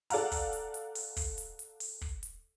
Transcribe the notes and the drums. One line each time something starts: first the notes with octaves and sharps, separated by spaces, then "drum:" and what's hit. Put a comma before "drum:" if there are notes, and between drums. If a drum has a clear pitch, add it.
A4 D5 F5 F#5 A#5, drum: open hi-hat
drum: kick, open hi-hat
drum: hi-hat
drum: hi-hat
drum: open hi-hat
drum: kick, open hi-hat
drum: hi-hat
drum: hi-hat
drum: open hi-hat
drum: kick
drum: hi-hat